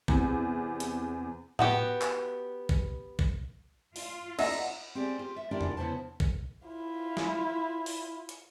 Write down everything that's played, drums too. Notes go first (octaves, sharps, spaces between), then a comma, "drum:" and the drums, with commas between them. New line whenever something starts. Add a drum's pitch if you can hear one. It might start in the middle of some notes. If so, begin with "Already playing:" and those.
E2 C3, drum: kick B1
drum: hi-hat
B3 F#4 G4, drum: tom A2
drum: clap
drum: kick B1
drum: kick B1
F4, drum: open hi-hat
D#4 E5 F#5, drum: cymbal
C4 G4 G#4 D5
F4 G4
E5
D4 E4 F4 G4 A#4 D5
drum: tom E2
C#3 B3 E4 B4 C5 A5
drum: kick B1
E4 F4
drum: snare
drum: open hi-hat
drum: hi-hat